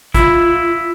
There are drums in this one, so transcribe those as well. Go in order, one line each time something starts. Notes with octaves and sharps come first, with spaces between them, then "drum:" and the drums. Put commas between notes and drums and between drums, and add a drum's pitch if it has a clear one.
E4 F4, drum: kick, hi-hat